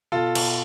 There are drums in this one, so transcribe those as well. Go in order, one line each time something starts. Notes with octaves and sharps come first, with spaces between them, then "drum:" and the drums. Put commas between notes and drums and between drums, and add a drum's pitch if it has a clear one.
B2 F4 A4
B2, drum: cymbal